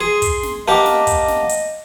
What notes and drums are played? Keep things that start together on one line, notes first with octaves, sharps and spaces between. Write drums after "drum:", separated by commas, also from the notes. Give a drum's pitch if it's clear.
G#4 C6
drum: kick, hi-hat
drum: snare
A#3 G4 D#5 F5 F#5 A5 D6
drum: snare
drum: kick, hi-hat
drum: snare
drum: hi-hat